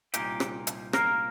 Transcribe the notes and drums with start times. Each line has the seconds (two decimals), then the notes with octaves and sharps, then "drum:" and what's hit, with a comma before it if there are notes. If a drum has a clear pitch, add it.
0.14 C2 A#2 A#3 D#4 G4, drum: hi-hat
0.40 drum: rim click
0.67 drum: hi-hat
0.93 A#3 A#4, drum: rim click